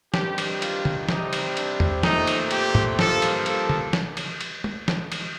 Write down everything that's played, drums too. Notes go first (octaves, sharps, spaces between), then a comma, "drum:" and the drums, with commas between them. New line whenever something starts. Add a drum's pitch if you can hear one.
G2 D#3 G3 C4 G4, drum: snare
drum: cymbal
F4, drum: cymbal
drum: tom
C3 G3 C4 D#4, drum: snare
drum: cymbal
D4, drum: cymbal
drum: tom E2
A#2 A3 C4 D#4, drum: snare
drum: cymbal
G4, drum: cymbal
drum: tom
G2 F3 A#3 A4, drum: snare
drum: cymbal
A4, drum: cymbal
drum: tom
drum: snare
drum: cymbal
drum: cymbal
drum: tom
drum: snare
drum: cymbal